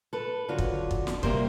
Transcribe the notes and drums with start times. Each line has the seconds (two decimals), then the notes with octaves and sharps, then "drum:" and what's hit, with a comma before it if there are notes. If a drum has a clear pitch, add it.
0.13 A4 B4
0.49 D3 F#3 F4 F#4
0.58 drum: kick
0.91 drum: kick
1.07 drum: snare
1.23 C3 G3 A#3 G4 A#4 C5, drum: kick